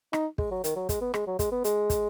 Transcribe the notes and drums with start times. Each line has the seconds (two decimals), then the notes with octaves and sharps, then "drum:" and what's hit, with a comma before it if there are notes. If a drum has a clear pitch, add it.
0.13 D#4, drum: rim click
0.38 G#3, drum: kick
0.51 F#3
0.64 D#3, drum: hi-hat
0.76 F#3
0.89 G#3, drum: kick, hi-hat
1.01 B3
1.14 G#3, drum: rim click
1.27 F#3
1.39 G#3, drum: kick, hi-hat
1.51 B3
1.64 G#3, drum: hi-hat
1.90 drum: kick, hi-hat